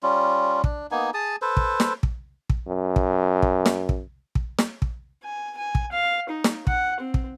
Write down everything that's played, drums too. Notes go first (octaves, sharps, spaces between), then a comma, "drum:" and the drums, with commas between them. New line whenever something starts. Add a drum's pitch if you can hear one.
G3 C#4 F4
D4, drum: kick
A#3 B3 D#4 G#5
G#4 A5 D#6
A4 B4 C5
drum: kick
drum: snare
drum: kick
drum: kick
F#2
drum: kick
drum: kick
drum: snare
drum: kick
drum: kick
drum: snare
drum: kick
G#5
G#5
drum: kick
F5
D#4
drum: snare
F#5, drum: kick
C4
drum: kick